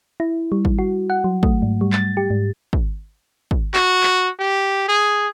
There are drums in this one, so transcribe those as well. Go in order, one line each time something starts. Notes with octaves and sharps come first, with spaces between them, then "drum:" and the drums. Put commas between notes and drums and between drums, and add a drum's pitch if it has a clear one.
E4
G3
drum: kick
F#4
F#5
F#3
A3, drum: kick
G#2
G3
A6, drum: clap
G4
G#2
drum: kick
drum: kick
F#4, drum: clap
drum: clap
G4
G#4